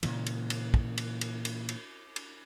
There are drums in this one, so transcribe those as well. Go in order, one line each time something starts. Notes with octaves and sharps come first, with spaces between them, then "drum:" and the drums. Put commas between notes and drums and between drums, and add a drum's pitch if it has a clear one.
A#2 C#3 E3, drum: cymbal
drum: cymbal
drum: cymbal
drum: kick
drum: cymbal
drum: cymbal
drum: cymbal
drum: cymbal
drum: cymbal